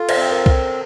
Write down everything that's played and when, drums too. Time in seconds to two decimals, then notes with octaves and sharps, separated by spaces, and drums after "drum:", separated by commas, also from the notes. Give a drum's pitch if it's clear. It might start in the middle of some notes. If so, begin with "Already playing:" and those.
Already playing: F4 A4
0.09 C5, drum: cymbal
0.17 C4
0.32 A#4
0.46 drum: kick C2